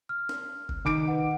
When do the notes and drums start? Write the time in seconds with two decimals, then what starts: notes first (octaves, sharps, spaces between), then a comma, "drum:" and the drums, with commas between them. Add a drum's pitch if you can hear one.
0.09 F6
0.29 drum: snare
0.69 drum: kick F#1
0.85 D#3 D6 D7
1.08 B4 F#5